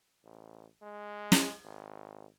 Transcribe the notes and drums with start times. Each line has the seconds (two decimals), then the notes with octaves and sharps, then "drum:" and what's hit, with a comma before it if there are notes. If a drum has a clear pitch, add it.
0.24 A1
0.82 G#3
1.32 drum: snare
1.65 G#1